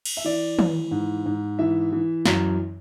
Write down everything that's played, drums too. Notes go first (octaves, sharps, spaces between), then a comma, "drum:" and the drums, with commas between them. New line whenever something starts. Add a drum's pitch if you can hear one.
drum: cymbal
E5
E3 D5
E3, drum: tom
G#2
G#2
E3 E5
E3
F#2, drum: snare